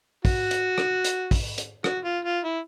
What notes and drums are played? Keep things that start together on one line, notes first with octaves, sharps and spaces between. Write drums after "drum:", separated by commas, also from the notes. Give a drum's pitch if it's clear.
F#4, drum: kick, open hi-hat
drum: hi-hat
drum: rim click
drum: hi-hat
drum: kick, open hi-hat
drum: hi-hat
F#4, drum: rim click
F4
F4
E4